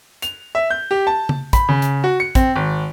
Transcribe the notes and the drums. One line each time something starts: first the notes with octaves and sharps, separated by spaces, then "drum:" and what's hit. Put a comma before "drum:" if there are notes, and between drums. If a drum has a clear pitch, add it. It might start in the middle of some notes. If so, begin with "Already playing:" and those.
F7, drum: hi-hat
E5
G6
G4
A5
drum: tom C#3
B5, drum: kick, hi-hat
C#3
drum: hi-hat
F#4
C#7
C4, drum: kick, hi-hat
G#1